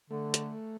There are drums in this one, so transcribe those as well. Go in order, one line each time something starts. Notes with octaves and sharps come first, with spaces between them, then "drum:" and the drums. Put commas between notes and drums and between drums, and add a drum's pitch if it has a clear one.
D3 A3
drum: hi-hat